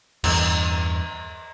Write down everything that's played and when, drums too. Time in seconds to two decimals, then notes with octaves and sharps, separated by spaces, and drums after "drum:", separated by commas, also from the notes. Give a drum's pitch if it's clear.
0.24 E2 G2 E3, drum: cymbal